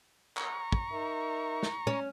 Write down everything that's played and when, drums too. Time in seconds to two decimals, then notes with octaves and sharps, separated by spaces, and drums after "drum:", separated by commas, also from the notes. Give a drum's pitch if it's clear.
0.37 A#5 C#6, drum: clap
0.72 drum: kick
0.92 D#4 A#4 E5
1.63 drum: snare
1.87 C#4